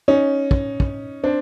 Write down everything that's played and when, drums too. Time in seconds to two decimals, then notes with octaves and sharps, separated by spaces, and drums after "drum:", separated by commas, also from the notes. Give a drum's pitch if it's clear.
0.08 C#4 D#4
0.51 drum: kick
0.80 drum: kick
1.24 C4 D4